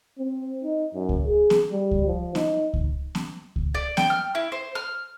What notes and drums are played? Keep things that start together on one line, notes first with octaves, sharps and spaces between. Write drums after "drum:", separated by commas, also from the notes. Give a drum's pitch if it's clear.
C4
D#4
F#2
drum: kick C#2
G#4
drum: snare B3
G3
drum: kick C#2
F3
D#4, drum: snare B3
drum: kick C#2
drum: snare B3
drum: kick C#2
D5
G5, drum: snare B3
F6
E4
C5
F6